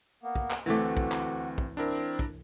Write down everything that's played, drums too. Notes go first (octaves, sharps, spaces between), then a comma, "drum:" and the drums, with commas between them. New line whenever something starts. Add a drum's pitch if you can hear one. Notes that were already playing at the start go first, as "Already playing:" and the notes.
A#3 B3
drum: kick
drum: clap
D2 E3 A3 C4 F#4 D6
drum: kick
drum: clap
drum: kick
C4 D4 E4 A#4
drum: kick